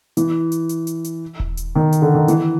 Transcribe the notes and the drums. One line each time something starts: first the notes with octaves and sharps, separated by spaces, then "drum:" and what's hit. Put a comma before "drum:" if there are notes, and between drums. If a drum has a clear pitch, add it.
E3, drum: hi-hat
drum: hi-hat
drum: hi-hat
drum: hi-hat
drum: hi-hat
drum: kick D#1
drum: hi-hat
D#3
drum: hi-hat
D3
D#3
E3, drum: hi-hat